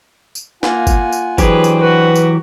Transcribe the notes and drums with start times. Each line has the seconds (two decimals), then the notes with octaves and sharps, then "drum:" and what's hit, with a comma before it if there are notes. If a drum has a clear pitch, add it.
0.35 drum: tambourine
0.63 A#3 F4 F#5 G#5, drum: snare
0.87 drum: kick, tambourine
1.12 drum: tambourine
1.38 E3 F#3 D4 G4 G#4 B4 C5, drum: kick, tambourine
1.64 drum: tambourine
1.82 F#4 B4
2.15 drum: tambourine